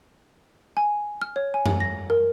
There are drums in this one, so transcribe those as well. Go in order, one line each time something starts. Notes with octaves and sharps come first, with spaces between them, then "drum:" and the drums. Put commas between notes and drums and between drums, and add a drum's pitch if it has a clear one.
G#5
F6
C#5
G#5
drum: tom F#2
A#6
A#4